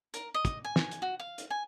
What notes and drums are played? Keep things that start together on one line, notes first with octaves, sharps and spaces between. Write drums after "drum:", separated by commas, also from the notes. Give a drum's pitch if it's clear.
A#4, drum: hi-hat
D#5
drum: kick, hi-hat
G#5
drum: snare
drum: hi-hat
F#4
F5
drum: hi-hat
G#5